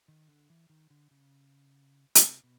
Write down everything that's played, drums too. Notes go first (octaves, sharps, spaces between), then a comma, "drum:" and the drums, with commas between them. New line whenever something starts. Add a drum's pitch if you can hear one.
D#3
D3
E3
D#3
D3
C#3
C3, drum: hi-hat
B2